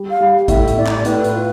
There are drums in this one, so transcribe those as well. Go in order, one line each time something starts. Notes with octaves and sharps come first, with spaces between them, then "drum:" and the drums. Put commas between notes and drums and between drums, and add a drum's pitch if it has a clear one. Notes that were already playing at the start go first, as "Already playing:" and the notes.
Already playing: G3
F5
G3
A2 E5, drum: kick, hi-hat
drum: hi-hat
A2 D5
drum: clap
A2 B4, drum: hi-hat
drum: hi-hat
F4